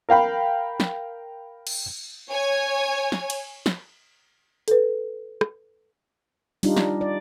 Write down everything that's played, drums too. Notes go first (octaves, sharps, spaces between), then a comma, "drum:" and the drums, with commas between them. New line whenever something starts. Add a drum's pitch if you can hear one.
A#4 F5 G5 B5
drum: snare
drum: cymbal
C#5 G#5
drum: snare
drum: cymbal
drum: snare
A4 B4, drum: hi-hat
drum: rim click
G3 D4 D#4 F4, drum: open hi-hat
drum: snare
D5